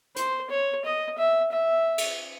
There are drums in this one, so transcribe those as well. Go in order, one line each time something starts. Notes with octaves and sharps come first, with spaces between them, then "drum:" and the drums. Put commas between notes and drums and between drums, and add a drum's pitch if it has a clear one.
C5, drum: hi-hat
C#5
D#5
E5
E5
drum: cymbal